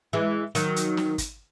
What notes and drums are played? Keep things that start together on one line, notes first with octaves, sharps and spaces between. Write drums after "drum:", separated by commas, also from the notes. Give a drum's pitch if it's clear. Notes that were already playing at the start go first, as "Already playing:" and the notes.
E3 G#3
D#3 F#3, drum: hi-hat
drum: hi-hat
drum: snare
drum: kick, hi-hat